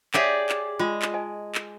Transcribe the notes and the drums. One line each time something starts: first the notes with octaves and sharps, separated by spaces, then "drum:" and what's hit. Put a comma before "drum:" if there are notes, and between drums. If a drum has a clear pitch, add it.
G4 G#4 C#5 D5 E5 F#5, drum: clap
drum: clap
G#3 F4 G5
drum: clap
D#5 G#5 A5
drum: clap